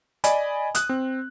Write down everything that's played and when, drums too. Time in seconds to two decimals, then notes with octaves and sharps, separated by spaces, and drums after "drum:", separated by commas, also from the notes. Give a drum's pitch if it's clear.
0.24 D5 D#5 G#5 B5, drum: hi-hat
0.75 D#6 F#6, drum: hi-hat
0.89 C4